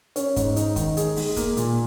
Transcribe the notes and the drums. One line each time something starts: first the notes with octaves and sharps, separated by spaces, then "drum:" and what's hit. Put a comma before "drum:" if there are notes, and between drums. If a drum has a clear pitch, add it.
C#4, drum: hi-hat
G#2, drum: kick, hi-hat
D#4, drum: hi-hat
D#3, drum: kick, hi-hat
G#4, drum: hi-hat
G#3, drum: open hi-hat
A#3, drum: kick, hi-hat
A#2, drum: hi-hat